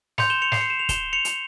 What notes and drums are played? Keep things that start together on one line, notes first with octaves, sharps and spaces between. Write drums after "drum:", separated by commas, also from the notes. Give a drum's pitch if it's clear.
C6 G6 C#7 F7, drum: snare
E7 G7
C#7 F7
C7, drum: snare
C#7
E7
F7
E7 G7, drum: kick, hi-hat
C#7 F7
drum: hi-hat